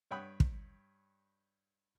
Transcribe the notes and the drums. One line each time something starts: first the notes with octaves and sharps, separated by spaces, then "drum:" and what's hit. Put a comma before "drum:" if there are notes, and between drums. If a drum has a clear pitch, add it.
G2 C#5 G5 B5 D#6 F#6
drum: kick